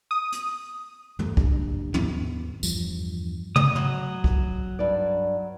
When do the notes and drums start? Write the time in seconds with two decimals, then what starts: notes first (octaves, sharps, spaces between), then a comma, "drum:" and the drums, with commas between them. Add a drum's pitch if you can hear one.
0.11 D#6
0.32 drum: hi-hat
1.19 E2 G2 A3, drum: tom
1.37 F#1 G2, drum: kick
1.94 D#2 B3, drum: tom
2.63 E2 G2 F3, drum: tambourine
3.56 D#6, drum: tom
3.75 F#3, drum: tom
4.24 drum: kick
4.79 G2 D5